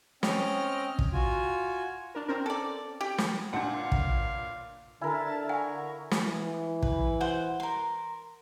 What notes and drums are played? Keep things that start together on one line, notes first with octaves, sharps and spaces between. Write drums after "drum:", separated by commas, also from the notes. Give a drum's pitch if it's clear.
C4 C#4 D#5 F6, drum: snare
drum: kick
F4 F#4 G#5
D4 A#4
C4 C#4 A#4
A4 D5
G4
drum: snare
G1 A#2 D4 F5 F#5 A5
drum: kick
D3 E4 A4 A#4 E5 G#5 A5
F5 F#5 G#5 A#5 C#6
drum: snare
E3
B4, drum: kick
C5 F#5
A#4 C6